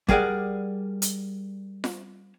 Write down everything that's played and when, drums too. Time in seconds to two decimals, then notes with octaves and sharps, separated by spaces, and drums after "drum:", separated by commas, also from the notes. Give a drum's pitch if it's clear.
0.09 G3 G#4 A#4 D5 F#5, drum: kick
1.02 drum: hi-hat
1.84 drum: snare F4